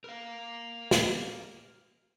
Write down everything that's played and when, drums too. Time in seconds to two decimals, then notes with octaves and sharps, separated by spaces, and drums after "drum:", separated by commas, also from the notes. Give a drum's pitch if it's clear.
0.04 A#4 F5
0.91 drum: snare